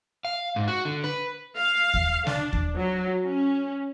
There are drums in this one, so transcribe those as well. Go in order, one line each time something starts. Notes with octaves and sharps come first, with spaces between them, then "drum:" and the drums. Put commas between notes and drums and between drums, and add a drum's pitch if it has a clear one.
F5
G#2
F#4
D3
B4
F5
drum: kick D#2
D4, drum: snare
drum: kick D#2
F#3
C#4